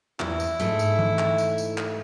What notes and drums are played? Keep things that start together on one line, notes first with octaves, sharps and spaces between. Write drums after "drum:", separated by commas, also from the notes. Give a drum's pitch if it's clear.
E2 E4, drum: clap
drum: tambourine
G#2 A3, drum: tambourine
drum: tambourine
drum: tom E3
drum: clap
drum: tambourine
drum: tambourine
drum: clap